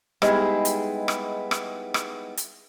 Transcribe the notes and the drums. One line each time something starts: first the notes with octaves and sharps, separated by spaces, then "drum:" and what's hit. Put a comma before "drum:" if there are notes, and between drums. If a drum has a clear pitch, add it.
G3 G#3 B3 D#4 E4 G#4, drum: rim click
drum: hi-hat
drum: rim click
drum: rim click
drum: rim click
drum: hi-hat